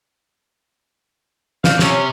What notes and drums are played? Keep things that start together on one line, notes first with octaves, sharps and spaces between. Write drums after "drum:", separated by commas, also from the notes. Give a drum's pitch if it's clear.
C4 D4 F5, drum: snare
C3 C#4, drum: snare